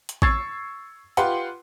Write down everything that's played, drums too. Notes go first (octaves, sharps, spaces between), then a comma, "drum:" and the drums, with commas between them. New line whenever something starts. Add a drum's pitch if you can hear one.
drum: hi-hat
C#6 E6 G#6 A6 C7, drum: kick A1
F4 G4 B4 F#5 C6, drum: hi-hat